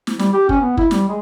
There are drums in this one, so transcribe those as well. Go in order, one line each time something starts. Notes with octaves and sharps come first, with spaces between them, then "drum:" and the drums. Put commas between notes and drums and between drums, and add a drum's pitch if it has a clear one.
drum: snare
G3, drum: snare
G4
C#4, drum: kick
B3
E4, drum: kick
G3, drum: snare
G#3